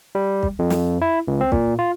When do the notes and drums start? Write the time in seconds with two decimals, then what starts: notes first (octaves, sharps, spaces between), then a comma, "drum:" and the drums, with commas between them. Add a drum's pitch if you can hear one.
0.15 G3
0.43 drum: kick
0.59 F2
0.70 drum: snare
1.02 E4
1.28 C#2
1.41 C4
1.52 A#2, drum: kick
1.79 F4